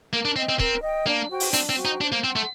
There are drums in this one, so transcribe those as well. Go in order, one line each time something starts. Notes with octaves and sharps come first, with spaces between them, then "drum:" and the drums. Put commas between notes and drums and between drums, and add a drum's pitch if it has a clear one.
A#3 A#4
D4
C4 D#5 G5
C4
C4 A#4, drum: kick
D#5 G5
A#3 D4
F#4 C5 G5
drum: open hi-hat
C4 D4, drum: hi-hat
C4
F#4 C5 G5
D#4
D4 C5
A#3
C4 F#5 C6
A3